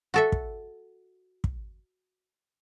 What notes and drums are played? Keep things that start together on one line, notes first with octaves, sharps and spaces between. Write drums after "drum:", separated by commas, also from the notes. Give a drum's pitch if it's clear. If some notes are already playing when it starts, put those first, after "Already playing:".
F#4 A4 E5
drum: kick
drum: kick